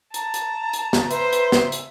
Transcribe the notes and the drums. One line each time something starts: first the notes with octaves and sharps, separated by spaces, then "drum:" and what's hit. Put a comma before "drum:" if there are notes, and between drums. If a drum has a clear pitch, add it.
A5 A#5, drum: hi-hat
drum: hi-hat
drum: hi-hat
drum: snare
B4 C5 E5, drum: hi-hat
drum: hi-hat
drum: snare
drum: hi-hat